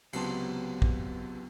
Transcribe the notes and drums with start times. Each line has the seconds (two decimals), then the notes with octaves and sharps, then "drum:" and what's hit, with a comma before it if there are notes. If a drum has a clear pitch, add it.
0.13 C#2 C3 F#3 B3 A5 C6, drum: cymbal
0.82 drum: kick